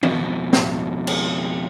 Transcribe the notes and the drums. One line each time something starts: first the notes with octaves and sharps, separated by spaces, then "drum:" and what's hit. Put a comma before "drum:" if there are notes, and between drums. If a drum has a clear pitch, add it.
F2 B2, drum: tom
drum: snare
drum: cymbal